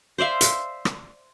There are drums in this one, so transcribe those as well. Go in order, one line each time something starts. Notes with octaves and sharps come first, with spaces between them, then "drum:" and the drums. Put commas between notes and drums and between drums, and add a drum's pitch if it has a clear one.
C5 D5 E5 F5
drum: hi-hat
drum: rim click